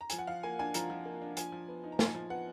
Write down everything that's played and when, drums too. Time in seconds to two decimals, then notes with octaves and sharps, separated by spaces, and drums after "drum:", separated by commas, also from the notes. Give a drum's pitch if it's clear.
0.01 A#5
0.10 F3 G#5, drum: hi-hat
0.19 F#5
0.27 F3 F5
0.43 A#3 G#5
0.59 D4 G#5
0.74 F3 A#5, drum: hi-hat
0.90 F3
1.05 A#3
1.22 D4
1.37 F3 G#5, drum: hi-hat
1.52 F3
1.68 B3
1.84 D#4
1.92 A#5
1.99 F3 G#5, drum: snare
2.15 F3
2.30 B3 F#5